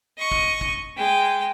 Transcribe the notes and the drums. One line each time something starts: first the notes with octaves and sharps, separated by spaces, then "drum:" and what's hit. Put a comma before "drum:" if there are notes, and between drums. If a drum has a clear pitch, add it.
D#5 C#6
drum: kick
drum: kick
G#3 G5